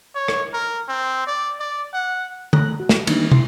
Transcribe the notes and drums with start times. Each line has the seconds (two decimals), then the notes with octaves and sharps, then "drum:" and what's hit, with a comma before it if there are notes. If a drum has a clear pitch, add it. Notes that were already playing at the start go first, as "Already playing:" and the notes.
0.15 C#5
0.28 drum: rim click
0.53 A#4
0.88 C4
1.27 D5
1.60 D5
1.93 F#5
2.53 A3 A#5 F#6, drum: tom
2.80 F#4
2.89 drum: snare
3.07 D#3 E3 G3 A#3 D4 D#4, drum: cymbal
3.32 E4 C6, drum: tom